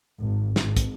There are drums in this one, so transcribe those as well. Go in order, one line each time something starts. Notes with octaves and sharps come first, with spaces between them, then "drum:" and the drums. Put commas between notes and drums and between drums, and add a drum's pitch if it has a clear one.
G#1
G#1, drum: snare
drum: kick, hi-hat